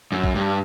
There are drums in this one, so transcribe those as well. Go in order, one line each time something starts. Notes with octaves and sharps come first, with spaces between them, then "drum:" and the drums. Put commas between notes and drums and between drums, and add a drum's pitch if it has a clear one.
F#2
drum: kick
G2